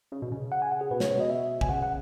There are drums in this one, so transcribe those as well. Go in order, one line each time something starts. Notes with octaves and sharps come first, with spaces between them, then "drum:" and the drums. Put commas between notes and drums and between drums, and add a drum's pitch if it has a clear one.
C#3
B2
C#3
F#5
G#5
F#5
G#4
B2 B4
C#5, drum: snare
C#3
C#5
B2 D#5
E5
B2 G#5, drum: kick A1
C#3 F#5
F#5